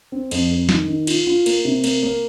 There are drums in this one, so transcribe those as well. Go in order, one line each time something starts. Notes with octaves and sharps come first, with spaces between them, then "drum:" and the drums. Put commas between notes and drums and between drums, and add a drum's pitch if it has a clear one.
C4
F2, drum: cymbal
F2
D#3, drum: snare
D#3
F4, drum: cymbal
F4
A#3, drum: cymbal
C3
A#3, drum: cymbal
A#3